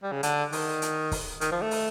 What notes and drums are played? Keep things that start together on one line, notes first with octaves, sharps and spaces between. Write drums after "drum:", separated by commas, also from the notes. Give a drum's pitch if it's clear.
G3
C#3
D3, drum: hi-hat
D#3, drum: open hi-hat
drum: hi-hat
drum: kick, open hi-hat
D#3, drum: hi-hat
F3
A3
drum: open hi-hat